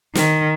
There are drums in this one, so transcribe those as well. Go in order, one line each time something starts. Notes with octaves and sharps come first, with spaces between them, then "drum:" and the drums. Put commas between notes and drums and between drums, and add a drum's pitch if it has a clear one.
D#3, drum: snare